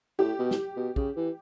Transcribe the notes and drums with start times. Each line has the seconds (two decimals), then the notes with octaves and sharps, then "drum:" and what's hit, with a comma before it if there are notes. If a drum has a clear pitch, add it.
0.19 A2 G4
0.39 B2
0.51 drum: snare
0.76 B2
0.96 C#3, drum: kick
1.16 E3